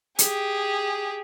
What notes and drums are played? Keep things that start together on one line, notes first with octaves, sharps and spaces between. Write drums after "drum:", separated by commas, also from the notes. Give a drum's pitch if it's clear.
G4 G#4, drum: hi-hat